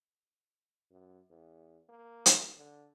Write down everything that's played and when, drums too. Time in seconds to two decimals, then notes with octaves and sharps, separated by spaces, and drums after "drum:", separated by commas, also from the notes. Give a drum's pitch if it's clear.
0.91 F#2
1.30 E2
1.89 A#3
2.26 drum: hi-hat
2.57 D3